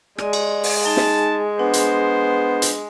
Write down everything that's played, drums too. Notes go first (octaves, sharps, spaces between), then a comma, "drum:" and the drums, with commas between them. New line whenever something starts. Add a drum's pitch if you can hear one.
G#3 D5 D#5, drum: rim click
drum: cymbal
drum: open hi-hat
D#4 A5
drum: snare
B3 D4 C5
drum: hi-hat
drum: hi-hat